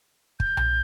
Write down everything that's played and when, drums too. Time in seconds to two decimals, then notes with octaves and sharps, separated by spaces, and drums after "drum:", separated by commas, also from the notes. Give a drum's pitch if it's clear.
0.40 G6, drum: kick
0.57 drum: tom B1